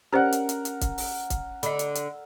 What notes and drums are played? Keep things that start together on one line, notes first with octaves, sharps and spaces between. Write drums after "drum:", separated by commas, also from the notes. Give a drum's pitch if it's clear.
C#4 G4 A#4 C5 D5 F#5
drum: hi-hat
drum: hi-hat
drum: hi-hat
drum: kick, hi-hat
drum: open hi-hat
drum: kick, hi-hat
D3 D#5 B5, drum: hi-hat
drum: hi-hat
drum: hi-hat